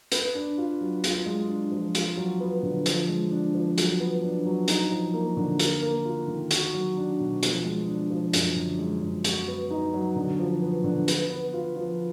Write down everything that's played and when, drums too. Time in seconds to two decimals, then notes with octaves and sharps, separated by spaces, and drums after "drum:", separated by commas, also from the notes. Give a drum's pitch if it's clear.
0.12 B4, drum: hi-hat
0.35 D4
0.58 F4
0.81 F#3
1.04 F4, drum: hi-hat
1.26 G#3
1.48 D4
1.72 F3
1.95 F4, drum: hi-hat
2.17 F#3
2.40 B3
2.63 D3
2.86 F3, drum: hi-hat
3.09 G#3
3.31 D4
3.55 F3
3.78 F#3, drum: hi-hat
4.00 B3
4.23 D4
4.45 F#3
4.68 D#4, drum: hi-hat
4.92 F3
5.14 A#3
5.37 D3
5.59 A#4, drum: hi-hat
5.82 A#3
6.05 F4
6.28 D#3
6.51 F#4, drum: hi-hat
6.74 F#3
6.97 D4
7.19 B2
7.43 F3, drum: hi-hat
7.64 G#3
7.88 D4
8.10 F3
8.33 F#2, drum: hi-hat
8.56 D3
8.79 G#3
9.02 F#2
9.24 F#4, drum: hi-hat
9.48 B3
9.71 D#4
9.94 F#3
10.16 D3
10.39 F3
10.62 B3
10.84 D3
11.08 B4, drum: hi-hat
11.30 B3
11.53 F4
11.76 F3